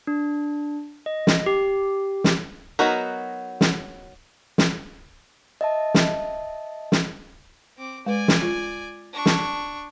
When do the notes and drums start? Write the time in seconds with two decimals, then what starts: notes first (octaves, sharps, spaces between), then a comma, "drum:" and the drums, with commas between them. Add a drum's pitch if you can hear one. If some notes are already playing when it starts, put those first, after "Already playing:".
0.07 D4
1.06 D#5
1.27 drum: snare
1.46 G4
2.24 drum: snare
2.79 F#3 B3 D#4 F#4 A#4
3.61 drum: snare
4.58 drum: snare
5.61 D#5 E5 A5
5.94 drum: snare
6.92 drum: snare
7.78 C4 D6
8.06 G#3 B4 D5 G#5
8.28 drum: snare
8.42 F4
9.13 D4 C#6
9.26 drum: snare